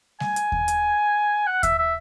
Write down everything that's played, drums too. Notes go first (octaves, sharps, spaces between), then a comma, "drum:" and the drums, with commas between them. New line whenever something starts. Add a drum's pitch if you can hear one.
G#5, drum: snare G3
drum: hi-hat
drum: kick D#2
drum: hi-hat
F#5
E5, drum: kick D#2, hi-hat
E5